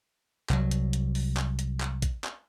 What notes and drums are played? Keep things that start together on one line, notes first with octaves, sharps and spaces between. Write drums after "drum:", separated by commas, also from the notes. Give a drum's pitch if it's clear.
C2 F#3, drum: clap
drum: hi-hat
drum: hi-hat
drum: open hi-hat
drum: clap
drum: hi-hat
drum: clap
drum: kick A#1, hi-hat
drum: clap